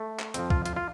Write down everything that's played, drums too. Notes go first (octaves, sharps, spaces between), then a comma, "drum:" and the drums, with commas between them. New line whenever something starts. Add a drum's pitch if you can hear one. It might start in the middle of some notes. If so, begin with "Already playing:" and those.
Already playing: A3
drum: clap
F2 F3 C4, drum: hi-hat
F4, drum: kick B1
F4, drum: hi-hat
F4